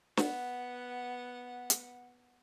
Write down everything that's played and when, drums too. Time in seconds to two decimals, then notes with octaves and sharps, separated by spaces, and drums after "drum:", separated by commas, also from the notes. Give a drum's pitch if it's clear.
0.17 B3 F#5, drum: snare
1.70 drum: hi-hat